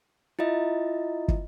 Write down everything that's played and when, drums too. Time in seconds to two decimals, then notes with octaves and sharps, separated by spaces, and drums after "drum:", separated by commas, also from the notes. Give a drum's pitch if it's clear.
0.39 E4 F4 D#5 E5
1.28 drum: kick